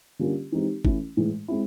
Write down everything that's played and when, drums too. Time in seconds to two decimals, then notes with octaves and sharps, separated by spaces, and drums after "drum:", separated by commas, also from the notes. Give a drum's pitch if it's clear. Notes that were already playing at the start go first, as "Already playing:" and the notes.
0.19 D3 G3 A#3 C#4 F4
0.52 E3 G#3 C4 D#4 G4
0.85 E3 A3 C#4 E4, drum: kick G1
1.17 A2 E3 G#3
1.48 G#3 C4 E4